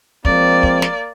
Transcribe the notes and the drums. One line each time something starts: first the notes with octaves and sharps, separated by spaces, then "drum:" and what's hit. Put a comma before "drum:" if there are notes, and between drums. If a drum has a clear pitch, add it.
F3 G#3 A#3 C4 D5, drum: kick
drum: kick
drum: snare